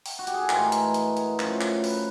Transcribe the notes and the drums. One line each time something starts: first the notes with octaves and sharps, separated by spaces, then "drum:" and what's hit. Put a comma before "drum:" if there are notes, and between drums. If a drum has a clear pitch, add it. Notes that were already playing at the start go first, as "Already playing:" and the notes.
drum: open hi-hat
F#4
G4, drum: hi-hat
G#4
A4
A2 E3 G#3 A#4, drum: clap
drum: hi-hat
drum: hi-hat
drum: hi-hat
F#2 C#3 F3 A3, drum: clap
drum: clap
B4, drum: open hi-hat